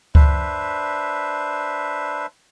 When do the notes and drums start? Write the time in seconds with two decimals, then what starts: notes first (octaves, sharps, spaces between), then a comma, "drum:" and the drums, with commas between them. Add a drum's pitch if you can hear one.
0.15 D4 B4 C5 E5, drum: kick C#2